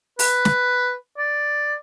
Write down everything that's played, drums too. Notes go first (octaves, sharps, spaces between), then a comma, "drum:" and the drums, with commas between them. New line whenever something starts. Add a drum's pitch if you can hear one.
B4, drum: open hi-hat
drum: snare
D5